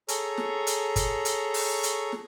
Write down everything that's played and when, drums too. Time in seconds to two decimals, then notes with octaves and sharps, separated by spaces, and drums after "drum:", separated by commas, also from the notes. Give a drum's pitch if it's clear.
0.08 G#4 A4 C#5 A#5, drum: hi-hat
0.38 drum: snare
0.67 drum: hi-hat
0.96 drum: kick, hi-hat
1.25 drum: hi-hat
1.54 drum: open hi-hat
1.83 drum: hi-hat
2.12 drum: snare